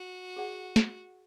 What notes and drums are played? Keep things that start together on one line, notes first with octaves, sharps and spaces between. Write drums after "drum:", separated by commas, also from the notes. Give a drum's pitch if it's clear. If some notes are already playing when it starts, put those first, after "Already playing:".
Already playing: F#4
G#4 D5 F#5 A5
drum: snare